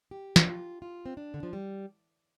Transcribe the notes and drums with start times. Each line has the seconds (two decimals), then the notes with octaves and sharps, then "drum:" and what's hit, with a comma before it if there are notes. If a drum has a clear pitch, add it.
0.11 G4
0.36 D4, drum: snare
0.47 F4
0.82 F4
1.06 C4
1.17 D4
1.34 D3
1.43 F3
1.53 G3